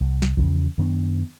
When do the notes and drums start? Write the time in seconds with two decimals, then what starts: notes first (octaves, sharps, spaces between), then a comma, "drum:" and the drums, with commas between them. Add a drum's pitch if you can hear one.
0.01 C2
0.22 drum: snare
0.37 E2 C#3 F3, drum: kick B1
0.78 F#2 D#3 B3 D4